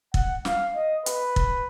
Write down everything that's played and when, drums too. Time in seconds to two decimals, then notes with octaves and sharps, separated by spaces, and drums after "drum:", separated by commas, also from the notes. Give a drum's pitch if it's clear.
0.14 F#5, drum: kick
0.45 F5, drum: snare
0.75 D#5
1.06 B4, drum: hi-hat
1.36 drum: kick